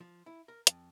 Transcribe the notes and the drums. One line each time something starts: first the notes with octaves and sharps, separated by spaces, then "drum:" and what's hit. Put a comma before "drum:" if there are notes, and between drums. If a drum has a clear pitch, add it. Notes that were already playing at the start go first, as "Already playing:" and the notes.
F3
E4
A#4
F2, drum: hi-hat